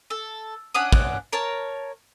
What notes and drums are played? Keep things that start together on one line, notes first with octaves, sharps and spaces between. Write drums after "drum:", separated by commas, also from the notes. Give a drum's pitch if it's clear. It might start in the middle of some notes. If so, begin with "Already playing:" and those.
A4
C#4 D4 F#5 D#6
drum: kick
A#4 C#5 A5